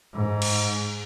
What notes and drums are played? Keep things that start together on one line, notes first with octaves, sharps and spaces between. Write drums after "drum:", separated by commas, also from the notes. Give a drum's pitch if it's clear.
G#2
drum: cymbal